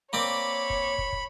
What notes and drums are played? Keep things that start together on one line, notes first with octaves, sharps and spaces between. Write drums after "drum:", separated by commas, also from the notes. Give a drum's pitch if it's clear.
A#3 C4 C#5 D5 B5
drum: kick
drum: kick
drum: kick